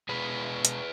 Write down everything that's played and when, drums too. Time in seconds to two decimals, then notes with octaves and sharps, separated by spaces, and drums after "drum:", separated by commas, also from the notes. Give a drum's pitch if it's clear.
0.09 B2 G#3 B3 G#4 B4
0.65 drum: hi-hat